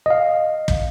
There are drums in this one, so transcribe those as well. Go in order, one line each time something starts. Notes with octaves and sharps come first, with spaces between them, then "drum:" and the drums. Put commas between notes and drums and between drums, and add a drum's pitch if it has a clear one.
D#5 F5
drum: kick